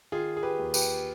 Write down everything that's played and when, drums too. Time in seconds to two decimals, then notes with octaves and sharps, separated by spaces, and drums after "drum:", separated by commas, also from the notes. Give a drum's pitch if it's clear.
0.12 D#3 F4 G#4
0.37 G#4
0.43 G4 B4
0.59 D#2
0.74 G4 B4, drum: tambourine